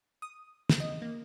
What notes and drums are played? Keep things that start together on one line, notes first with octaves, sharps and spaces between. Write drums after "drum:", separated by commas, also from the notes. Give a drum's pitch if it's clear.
D#6
drum: snare
D#5
A#3